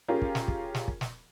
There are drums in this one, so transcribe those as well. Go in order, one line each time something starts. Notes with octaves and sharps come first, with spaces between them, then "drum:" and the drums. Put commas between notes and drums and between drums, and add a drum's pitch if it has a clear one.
C#4 F4 G4 G#4 A#4
drum: kick
drum: snare
drum: kick
drum: snare
drum: kick
drum: snare